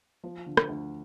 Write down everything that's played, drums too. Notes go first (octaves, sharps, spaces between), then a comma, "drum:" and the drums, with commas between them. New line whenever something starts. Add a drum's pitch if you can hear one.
F3
D3
drum: rim click
D2